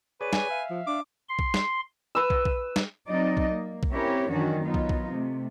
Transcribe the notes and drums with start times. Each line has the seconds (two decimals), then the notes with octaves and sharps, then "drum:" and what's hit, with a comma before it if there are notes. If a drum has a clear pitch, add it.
0.21 G#4 B4 C#5 D5
0.33 G#5, drum: snare
0.50 E5 F5
0.70 F3
0.87 D4 D6
1.29 C6
1.39 drum: kick
1.54 drum: snare
2.15 B4 E6
2.30 drum: kick
2.45 drum: kick
2.76 drum: snare
3.08 F#3 C4 D#4 D5 D#5
3.37 drum: kick
3.49 A#3
3.83 drum: kick
3.92 C4 C#4 E4 G4 A#4 C#5
4.29 F#2 D#3 E3 C#4 D4 F#4
4.64 F#3 B3 D#4 F4
4.74 drum: kick
4.89 drum: kick
5.11 C3 A3